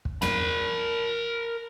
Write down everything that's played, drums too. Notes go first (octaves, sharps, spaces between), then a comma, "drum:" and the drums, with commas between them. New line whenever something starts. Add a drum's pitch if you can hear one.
drum: kick
A#4 B5, drum: tom